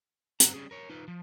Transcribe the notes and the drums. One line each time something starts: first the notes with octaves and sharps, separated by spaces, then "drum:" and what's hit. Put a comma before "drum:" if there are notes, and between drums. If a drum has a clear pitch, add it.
G2 D3 C4 F#4 F#5 A#5, drum: hi-hat
G3 C#4 G#4
A#4 C#5
D#4 F4 B4
F3